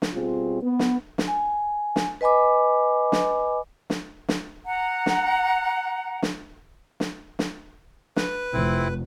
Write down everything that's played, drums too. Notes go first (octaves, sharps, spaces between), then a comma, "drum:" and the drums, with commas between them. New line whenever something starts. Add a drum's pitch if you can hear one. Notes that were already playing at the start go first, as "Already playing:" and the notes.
drum: snare
B2 G3 C4 F4 G#4
B3
drum: snare
drum: snare
G#5
drum: snare
B4 D#5 G#5 B5 D6
drum: snare
drum: snare
drum: snare
F#5 A#5
drum: snare
drum: snare
drum: snare
drum: snare
B4, drum: snare
F1 C4 E4